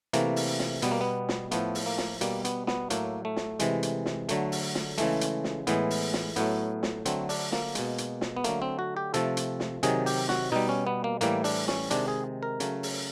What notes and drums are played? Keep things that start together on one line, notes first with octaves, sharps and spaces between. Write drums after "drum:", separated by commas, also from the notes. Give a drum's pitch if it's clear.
C3 E3 A3 A#3, drum: hi-hat
drum: open hi-hat
drum: snare
B2 G3 B3, drum: hi-hat
A#3
B3
drum: snare
A2 F3 A3 B3, drum: hi-hat
drum: open hi-hat
A#3
drum: snare
B2 G3 A#3, drum: hi-hat
B3, drum: hi-hat
B3, drum: snare
A2 F#3 A3 A#3, drum: hi-hat
A3
drum: snare
C3 E3 G#3, drum: hi-hat
drum: hi-hat
drum: snare
D3 F#3 A3, drum: hi-hat
drum: open hi-hat
drum: snare
C#3 E3 G#3 A3, drum: hi-hat
drum: hi-hat
drum: snare
A2 E3 G#3 B3, drum: hi-hat
drum: open hi-hat
drum: snare
A2 F#3 A3 B3, drum: hi-hat
drum: snare
D3 F#3 A3 C4, drum: hi-hat
D4, drum: open hi-hat
A#3, drum: snare
B2 G#3, drum: hi-hat
drum: hi-hat
drum: snare
B3
D3 F#3 A3 A#3, drum: hi-hat
C4
F#4
G4
C3 F3 A3 A4, drum: hi-hat
drum: hi-hat
drum: snare
C3 D#3 F#3 G#4, drum: hi-hat
G4, drum: open hi-hat
F#4, drum: snare
B2 G3 D#4
C#4
B3
A#3
A2 E3 G3 A#3, drum: hi-hat
D4, drum: open hi-hat
C#4, drum: snare
C3 D#3 G#3 D4, drum: hi-hat
G#4
A#4
C#3 F#3 A3, drum: hi-hat
drum: open hi-hat